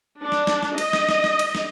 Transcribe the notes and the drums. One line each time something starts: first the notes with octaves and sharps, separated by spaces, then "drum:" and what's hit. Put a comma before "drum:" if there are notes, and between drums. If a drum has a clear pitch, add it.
D4
drum: snare
drum: snare
drum: snare
D#5, drum: cymbal
drum: snare
drum: snare
drum: snare
drum: cymbal
drum: snare